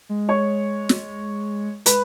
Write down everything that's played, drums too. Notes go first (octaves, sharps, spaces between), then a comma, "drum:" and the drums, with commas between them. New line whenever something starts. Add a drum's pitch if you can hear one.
G#3
C#5 C#6
drum: snare
G#3 B4 B5, drum: hi-hat